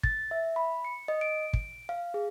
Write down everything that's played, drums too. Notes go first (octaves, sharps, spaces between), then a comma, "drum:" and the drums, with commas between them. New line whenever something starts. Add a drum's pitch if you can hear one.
A6, drum: kick
E5
B5
C#7
D#5
D7
drum: kick
F5
G#4